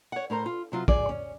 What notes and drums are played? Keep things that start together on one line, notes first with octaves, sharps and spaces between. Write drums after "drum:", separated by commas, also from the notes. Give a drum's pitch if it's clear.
C#5 F#5
A2 A#4 C5 A#5
F4
C3 F#3 F4
G#4 D5, drum: kick
C#4